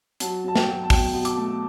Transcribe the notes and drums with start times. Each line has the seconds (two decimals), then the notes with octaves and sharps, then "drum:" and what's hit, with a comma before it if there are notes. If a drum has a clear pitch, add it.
0.20 F#3 A5, drum: hi-hat
0.44 F#3 A5
0.56 G5, drum: snare
0.67 F#3
0.83 A5
0.90 B2 G5, drum: kick, open hi-hat
1.13 B2
1.25 D6, drum: hi-hat
1.37 A3